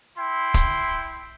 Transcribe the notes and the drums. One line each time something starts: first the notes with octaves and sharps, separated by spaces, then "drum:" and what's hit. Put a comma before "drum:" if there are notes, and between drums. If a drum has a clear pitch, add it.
E4 G5 C6
drum: kick, hi-hat